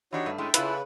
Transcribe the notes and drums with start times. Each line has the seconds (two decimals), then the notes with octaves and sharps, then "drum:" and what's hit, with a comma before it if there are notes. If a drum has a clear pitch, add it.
0.13 E3 D4 D#4 F#4 G4 C#5
0.26 G2 A3
0.38 A2 G#3 C#4 A4 E5 G5
0.54 C#3 C#4 E4 F4 B4, drum: hi-hat